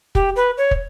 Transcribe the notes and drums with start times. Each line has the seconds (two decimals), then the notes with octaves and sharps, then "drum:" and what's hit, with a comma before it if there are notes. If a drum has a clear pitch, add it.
0.15 G4, drum: kick
0.36 B4
0.57 C#5
0.71 drum: kick